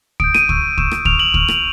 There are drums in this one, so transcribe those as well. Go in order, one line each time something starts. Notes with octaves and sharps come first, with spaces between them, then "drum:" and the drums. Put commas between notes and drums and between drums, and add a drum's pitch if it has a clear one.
D#6 G6 D7, drum: kick
D#7, drum: rim click
C#6 E6 G6, drum: kick
C#6 E6 G6 E7, drum: kick
drum: rim click
C#6 F6 F7, drum: kick
F#7
C#6 F6, drum: kick
drum: rim click